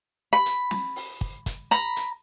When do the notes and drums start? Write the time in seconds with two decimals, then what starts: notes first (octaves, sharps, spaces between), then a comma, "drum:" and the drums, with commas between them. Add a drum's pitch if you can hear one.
0.33 B5
0.46 drum: hi-hat
0.71 drum: snare
0.96 drum: open hi-hat
1.21 drum: kick
1.46 drum: kick, hi-hat
1.71 A#5 B5
1.96 drum: hi-hat